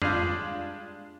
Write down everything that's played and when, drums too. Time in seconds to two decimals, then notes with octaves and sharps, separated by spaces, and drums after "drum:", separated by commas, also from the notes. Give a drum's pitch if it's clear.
0.02 G3 G#3 D4 F4 G#4, drum: tom F2